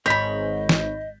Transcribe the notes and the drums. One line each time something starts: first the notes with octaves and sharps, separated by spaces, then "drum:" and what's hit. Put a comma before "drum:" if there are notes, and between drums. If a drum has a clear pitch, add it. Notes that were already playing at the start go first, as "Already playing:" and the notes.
G#1 G#2 C#5 D#5 B5 G6 B6
drum: snare